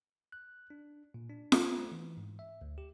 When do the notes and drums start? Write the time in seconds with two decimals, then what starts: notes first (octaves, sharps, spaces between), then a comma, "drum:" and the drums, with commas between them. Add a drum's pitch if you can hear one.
0.32 F#6
0.70 D4
1.14 A#2
1.29 D4
1.52 B3, drum: snare
1.78 A3
1.92 E3
2.17 G#2
2.39 E5
2.62 D2
2.78 G4